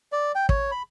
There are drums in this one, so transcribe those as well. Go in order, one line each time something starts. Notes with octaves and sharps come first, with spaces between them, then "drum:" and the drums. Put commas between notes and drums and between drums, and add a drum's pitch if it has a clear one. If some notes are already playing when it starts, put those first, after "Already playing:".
D5
G5
C#5, drum: kick
B5